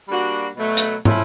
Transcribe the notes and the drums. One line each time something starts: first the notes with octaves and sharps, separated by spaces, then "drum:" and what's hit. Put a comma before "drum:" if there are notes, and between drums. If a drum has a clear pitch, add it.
G3 A#3 D4 F#4
B2 F#3 A3
drum: hi-hat
F3 A3 C#4 E4, drum: tom